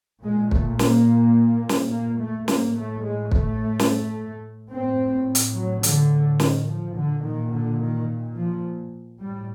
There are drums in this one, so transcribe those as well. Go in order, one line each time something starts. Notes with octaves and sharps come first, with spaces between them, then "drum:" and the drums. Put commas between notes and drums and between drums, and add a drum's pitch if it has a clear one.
A#2 G#3
A3, drum: kick
A#3, drum: snare
drum: snare
A#3
A3
A2 A#3, drum: snare
A3
G#3
A3, drum: kick
drum: snare
A2 C4
drum: hi-hat
F#3
D3, drum: hi-hat
D#3, drum: snare
F3
A#2 D3
D#3
D3
D#3
F3
A2 G3